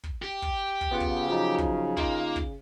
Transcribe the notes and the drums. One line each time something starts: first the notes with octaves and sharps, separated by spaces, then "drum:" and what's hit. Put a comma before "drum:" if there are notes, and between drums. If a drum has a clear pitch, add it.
drum: kick
G4
drum: kick
drum: kick
C#3 B3 F4 F#5
drum: kick
F3 F#3 D#4
drum: kick
A#3 D#4 F4, drum: kick
drum: kick